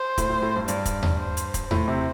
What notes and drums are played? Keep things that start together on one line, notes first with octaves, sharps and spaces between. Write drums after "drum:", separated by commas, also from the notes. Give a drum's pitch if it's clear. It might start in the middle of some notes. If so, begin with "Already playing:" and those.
Already playing: C5
A2, drum: kick, hi-hat
A2
A2
G2
G2 D5, drum: hi-hat
drum: kick, hi-hat
drum: tom D#2
C5
drum: hi-hat
drum: kick, hi-hat
A2 C5, drum: tom D#2
C3